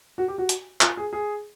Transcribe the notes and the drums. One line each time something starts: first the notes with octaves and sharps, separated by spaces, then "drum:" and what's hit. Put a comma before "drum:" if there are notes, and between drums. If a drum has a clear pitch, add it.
F#4
G4
F#4
drum: hi-hat
F4, drum: clap
G#4
G#4